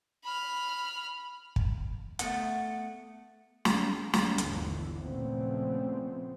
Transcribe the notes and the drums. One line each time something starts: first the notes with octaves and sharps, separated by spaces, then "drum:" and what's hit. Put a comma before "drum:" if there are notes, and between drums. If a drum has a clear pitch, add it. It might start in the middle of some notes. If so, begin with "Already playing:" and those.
B5 F6
drum: kick
A3 B3 F#5, drum: hi-hat
drum: snare
drum: snare
G1 D#2 A#2 D3 E3, drum: hi-hat
A#2 C#3 F3 A3 B3 C4